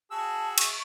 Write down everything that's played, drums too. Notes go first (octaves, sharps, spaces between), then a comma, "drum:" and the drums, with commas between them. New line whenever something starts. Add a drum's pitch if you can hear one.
F#4 G#4 A5 E6
C#6, drum: cymbal